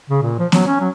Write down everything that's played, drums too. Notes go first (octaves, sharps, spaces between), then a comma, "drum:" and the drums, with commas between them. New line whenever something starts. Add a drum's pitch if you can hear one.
C#3
A#2
F3
F#3, drum: snare B3
C#4
F#3